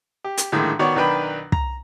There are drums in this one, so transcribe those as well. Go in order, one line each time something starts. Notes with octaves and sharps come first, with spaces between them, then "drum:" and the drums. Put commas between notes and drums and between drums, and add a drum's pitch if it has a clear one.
G4
drum: hi-hat
A#1 A2 D3 D#3 G#3
D#3 B3 F#4 C#5 D5
B1 D#3 D4 B4 G5 B5
A#5, drum: kick